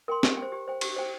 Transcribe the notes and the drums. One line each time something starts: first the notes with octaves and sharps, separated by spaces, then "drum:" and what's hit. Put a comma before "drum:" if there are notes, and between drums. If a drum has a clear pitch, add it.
A#4 G5 C6
G4, drum: snare
G5
C5
G4
C5 G5
G4, drum: cymbal
C5 G5